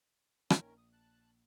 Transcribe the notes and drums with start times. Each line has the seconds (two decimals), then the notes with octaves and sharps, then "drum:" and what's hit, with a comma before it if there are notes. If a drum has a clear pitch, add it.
0.50 A#1 D#3 C#4 A#4, drum: rim click
0.78 D#6
0.93 A5 F#6